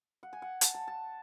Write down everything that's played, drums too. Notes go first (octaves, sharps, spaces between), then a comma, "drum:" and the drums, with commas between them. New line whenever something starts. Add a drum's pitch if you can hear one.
F#5
G#5
F#5
A5, drum: hi-hat
A5
A5